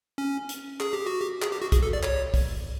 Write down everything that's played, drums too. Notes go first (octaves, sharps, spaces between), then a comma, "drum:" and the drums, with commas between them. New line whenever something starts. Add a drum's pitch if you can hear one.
C#4
drum: hi-hat
G#4, drum: clap
G4
F#4
G4
G#4, drum: clap
G4
F#4
G#4, drum: kick, hi-hat
A4
D5
C#5, drum: clap
drum: kick, open hi-hat